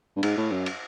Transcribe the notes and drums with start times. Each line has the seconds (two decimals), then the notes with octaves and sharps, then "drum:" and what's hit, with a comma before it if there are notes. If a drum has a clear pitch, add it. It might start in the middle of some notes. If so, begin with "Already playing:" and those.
0.16 G2
0.23 G#2, drum: cymbal
0.37 A2
0.52 F#2
0.66 drum: cymbal